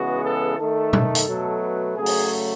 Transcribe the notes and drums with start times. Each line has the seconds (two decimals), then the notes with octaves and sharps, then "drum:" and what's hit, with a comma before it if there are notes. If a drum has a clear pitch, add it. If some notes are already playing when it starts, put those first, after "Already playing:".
Already playing: C#3 E3 G#3 B3 F#4
0.24 A4
0.59 D#3 A3 A4
0.93 drum: tom
1.15 drum: hi-hat
1.28 B2 F#3 A3
1.62 B4
1.97 C#3 F#3 A3 G#4
2.06 drum: open hi-hat